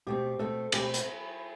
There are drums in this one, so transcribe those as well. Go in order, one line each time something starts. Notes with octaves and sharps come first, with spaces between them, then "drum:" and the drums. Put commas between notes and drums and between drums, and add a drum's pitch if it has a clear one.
B2 A3 C4 G4
B2 A3 C4 A4
B2 A3 C4 G4, drum: cymbal
drum: hi-hat